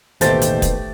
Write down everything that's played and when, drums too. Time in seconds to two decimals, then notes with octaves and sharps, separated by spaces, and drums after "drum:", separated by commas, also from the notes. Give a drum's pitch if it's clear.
0.21 A1 D#2 B2 D#3 A3 G4 C5 A6, drum: hi-hat
0.42 drum: hi-hat
0.62 drum: kick, hi-hat